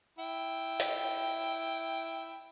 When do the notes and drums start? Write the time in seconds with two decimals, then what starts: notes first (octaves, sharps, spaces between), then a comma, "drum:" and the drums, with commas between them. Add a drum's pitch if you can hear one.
0.19 E4 G5
0.80 drum: hi-hat